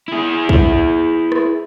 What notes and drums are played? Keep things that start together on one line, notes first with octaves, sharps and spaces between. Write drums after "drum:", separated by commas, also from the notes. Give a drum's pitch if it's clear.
E4 G#4
drum: kick
drum: rim click